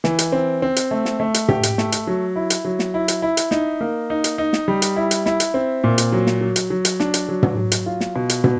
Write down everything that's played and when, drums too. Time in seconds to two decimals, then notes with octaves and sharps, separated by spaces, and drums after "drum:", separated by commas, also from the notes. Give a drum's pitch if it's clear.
0.04 E3, drum: snare
0.19 drum: hi-hat
0.32 C4
0.62 C4
0.76 drum: hi-hat
0.91 A3
1.05 drum: snare
1.20 A3
1.34 drum: hi-hat
1.48 G4, drum: tom
1.63 drum: hi-hat
1.78 A3, drum: snare
1.92 drum: hi-hat
2.07 F#3
2.36 E4
2.50 drum: hi-hat
2.65 F#3
2.79 drum: snare
2.94 E4
3.08 drum: hi-hat
3.22 E4
3.37 drum: hi-hat
3.51 D#4, drum: snare
3.81 A#3
4.10 D#4
4.24 drum: hi-hat
4.38 D#4
4.53 drum: snare
4.68 G3
4.82 drum: hi-hat
4.96 E4
5.11 drum: hi-hat
5.26 E4, drum: snare
5.40 drum: hi-hat
5.54 C4
5.84 A#2
5.98 drum: hi-hat
6.12 F#3
6.27 drum: snare
6.41 F#3
6.56 drum: hi-hat
6.70 F#3
6.85 drum: hi-hat
7.00 D4, drum: snare
7.14 drum: hi-hat
7.29 F#3
7.43 drum: tom
7.57 F#3
7.72 drum: hi-hat
7.86 F4
8.01 drum: snare
8.16 B2
8.29 drum: hi-hat
8.44 B2, drum: tom